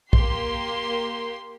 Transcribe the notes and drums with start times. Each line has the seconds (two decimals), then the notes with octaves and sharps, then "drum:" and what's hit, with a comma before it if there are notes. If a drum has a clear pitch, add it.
0.13 A#3 G4 C6, drum: kick